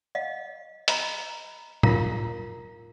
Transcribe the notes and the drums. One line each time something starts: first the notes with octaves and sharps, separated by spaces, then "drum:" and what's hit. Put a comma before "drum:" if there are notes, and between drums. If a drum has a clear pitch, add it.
D#5 F5 F#5
D#5 A#5 B5, drum: hi-hat
E4 F4 A#4 F5 A#5, drum: tom